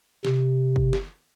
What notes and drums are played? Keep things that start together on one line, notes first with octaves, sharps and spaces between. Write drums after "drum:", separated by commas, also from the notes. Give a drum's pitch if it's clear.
C3, drum: snare
drum: kick
drum: snare